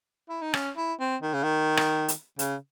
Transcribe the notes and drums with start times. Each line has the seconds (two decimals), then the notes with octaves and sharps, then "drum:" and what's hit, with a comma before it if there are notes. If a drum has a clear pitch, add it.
0.29 E4
0.42 D#4
0.54 C#4, drum: rim click
0.77 E4
1.00 C4
1.22 D#3
1.34 C#3
1.43 D#3
1.77 drum: rim click
2.08 drum: hi-hat
2.39 C#3, drum: hi-hat